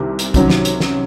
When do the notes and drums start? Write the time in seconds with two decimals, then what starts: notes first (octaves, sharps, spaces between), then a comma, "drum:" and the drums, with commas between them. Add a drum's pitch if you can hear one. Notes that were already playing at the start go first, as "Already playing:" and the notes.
Already playing: C2 C3 D#3
0.19 drum: hi-hat
0.34 C3 D#3 F#3 C#4, drum: kick, hi-hat
0.50 drum: snare
0.65 drum: hi-hat
0.80 drum: snare